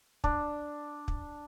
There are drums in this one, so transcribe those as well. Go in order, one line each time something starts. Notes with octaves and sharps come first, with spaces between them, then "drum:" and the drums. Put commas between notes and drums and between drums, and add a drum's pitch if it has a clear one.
D4, drum: kick
drum: kick